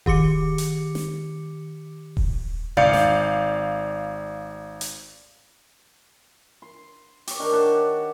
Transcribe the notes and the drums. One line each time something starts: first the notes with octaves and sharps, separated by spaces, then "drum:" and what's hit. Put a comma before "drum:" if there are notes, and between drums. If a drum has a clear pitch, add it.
D#3 G4 D6 C#7, drum: kick D#1
drum: hi-hat
drum: snare
drum: kick D#1
G#1 D5 F5 G6 C#7, drum: tom B2
drum: snare
drum: hi-hat
C6
G4 C#5, drum: open hi-hat
D#3 D4 A#4
G4 C#5 F#5 A5